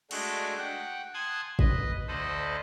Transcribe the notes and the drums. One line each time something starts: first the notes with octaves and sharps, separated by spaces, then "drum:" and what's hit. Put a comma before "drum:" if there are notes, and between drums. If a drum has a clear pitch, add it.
G#3 A3 D4 F#4, drum: cymbal
F#5 G5
G#5 A5 C6 D#6 F#6 G#6
B4 D#5, drum: kick
D2 A4 C5 D#5 B5